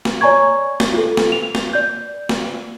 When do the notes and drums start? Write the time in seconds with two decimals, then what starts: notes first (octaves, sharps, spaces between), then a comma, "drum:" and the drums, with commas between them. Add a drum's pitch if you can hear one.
0.05 drum: snare
0.21 C#5 D5 G#5 A#5 C#6 G#6
0.80 drum: snare
0.93 F4 A4
1.17 drum: snare
1.32 F7
1.55 drum: snare
1.73 D5 G6
2.29 drum: snare